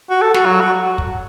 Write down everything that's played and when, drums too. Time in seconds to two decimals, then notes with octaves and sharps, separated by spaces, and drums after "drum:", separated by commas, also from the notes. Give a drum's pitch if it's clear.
0.10 F#4
0.22 A4
0.34 F#4, drum: snare
0.46 F#3
0.61 F#4
0.98 drum: kick